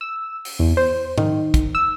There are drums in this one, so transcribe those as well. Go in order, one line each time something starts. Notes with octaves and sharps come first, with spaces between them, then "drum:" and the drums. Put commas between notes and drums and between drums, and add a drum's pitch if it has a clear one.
E6
drum: open hi-hat
E2
C5
D#3, drum: tom
drum: kick, hi-hat
E6